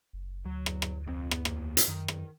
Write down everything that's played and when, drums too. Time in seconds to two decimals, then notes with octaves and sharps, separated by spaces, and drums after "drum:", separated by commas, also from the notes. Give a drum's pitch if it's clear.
0.13 F#1
0.46 D2 F#3
0.66 drum: rim click
0.82 drum: rim click
1.06 F1 F2 C4
1.31 B3, drum: rim click
1.45 E2 A#3, drum: rim click
1.77 drum: hi-hat
1.88 F#2 D#3
2.08 drum: rim click